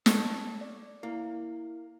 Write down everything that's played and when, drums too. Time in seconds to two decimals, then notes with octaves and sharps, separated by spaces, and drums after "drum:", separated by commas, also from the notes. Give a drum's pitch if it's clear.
0.06 A4 C#5 A5, drum: snare
0.61 D5
1.03 A#3 E4